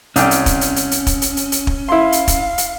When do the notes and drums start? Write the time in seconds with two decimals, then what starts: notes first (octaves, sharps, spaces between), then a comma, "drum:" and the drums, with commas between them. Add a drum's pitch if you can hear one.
0.16 C2 C#4 D5 G5, drum: hi-hat
0.31 drum: hi-hat
0.46 drum: kick, hi-hat
0.61 drum: hi-hat
0.76 drum: hi-hat
0.91 drum: hi-hat
1.07 drum: kick, hi-hat
1.22 drum: hi-hat
1.37 drum: hi-hat
1.52 drum: hi-hat
1.67 drum: kick
1.89 E4 F5 C6
2.12 drum: hi-hat
2.28 drum: kick, hi-hat
2.58 drum: hi-hat